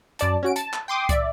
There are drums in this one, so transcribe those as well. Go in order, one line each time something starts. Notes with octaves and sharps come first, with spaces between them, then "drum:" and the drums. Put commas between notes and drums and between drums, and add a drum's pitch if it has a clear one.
F#2 D5 A5, drum: hi-hat
C#4 F#4 D7
A5, drum: hi-hat
drum: clap
G5 C6 D6 D#6
D5 E5, drum: kick C2, hi-hat